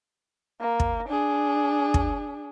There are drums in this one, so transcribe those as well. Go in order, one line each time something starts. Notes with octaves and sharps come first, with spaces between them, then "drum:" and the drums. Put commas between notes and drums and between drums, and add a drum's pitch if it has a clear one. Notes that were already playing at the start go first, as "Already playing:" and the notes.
A#3
drum: kick
D4 G#4
drum: kick